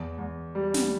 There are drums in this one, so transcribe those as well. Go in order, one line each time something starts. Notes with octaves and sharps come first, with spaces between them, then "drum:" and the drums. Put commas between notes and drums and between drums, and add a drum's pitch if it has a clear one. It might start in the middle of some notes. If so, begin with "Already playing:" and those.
Already playing: E2
E2
G3
drum: snare